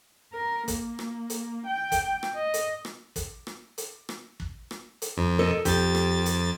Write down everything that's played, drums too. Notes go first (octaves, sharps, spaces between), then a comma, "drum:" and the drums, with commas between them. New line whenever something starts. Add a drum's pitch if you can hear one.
A#4
A#3, drum: kick, hi-hat
drum: rim click
drum: hi-hat
G5
drum: kick, hi-hat
drum: rim click
D#5
drum: hi-hat
drum: rim click
drum: kick, hi-hat
drum: rim click
drum: hi-hat
drum: rim click
drum: kick
drum: rim click
drum: hi-hat
F2
A4 A#4 D#5
F2 G4 A6, drum: kick, hi-hat
drum: rim click
drum: hi-hat